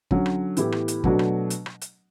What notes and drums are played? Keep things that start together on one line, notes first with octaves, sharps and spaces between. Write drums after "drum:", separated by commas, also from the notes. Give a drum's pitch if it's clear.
D3 F#3 C#4, drum: kick
drum: rim click
A2 E3 B3 E4 G4, drum: hi-hat
drum: rim click
drum: hi-hat
B2 F#3 A3 D4 F#4, drum: kick
drum: rim click
drum: hi-hat
drum: rim click
drum: hi-hat